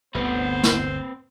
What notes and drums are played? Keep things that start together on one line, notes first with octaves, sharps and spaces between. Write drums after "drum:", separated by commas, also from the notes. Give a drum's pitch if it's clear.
G1 D2 C3 B3 C4 B4 C5
drum: snare